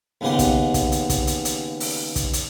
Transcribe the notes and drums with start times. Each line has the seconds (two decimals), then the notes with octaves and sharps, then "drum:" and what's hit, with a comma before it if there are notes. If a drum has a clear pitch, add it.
0.21 D#2 C#3 G#3 B3 G4 C6
0.39 drum: kick, hi-hat
0.74 drum: kick, hi-hat
0.92 drum: hi-hat
1.10 drum: kick, hi-hat
1.27 drum: hi-hat
1.45 drum: hi-hat
1.80 drum: open hi-hat
2.16 drum: kick, hi-hat
2.33 drum: hi-hat